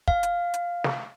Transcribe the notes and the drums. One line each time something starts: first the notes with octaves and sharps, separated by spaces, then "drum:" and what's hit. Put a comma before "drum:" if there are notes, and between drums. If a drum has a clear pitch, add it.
F5, drum: kick
drum: hi-hat
drum: hi-hat
drum: snare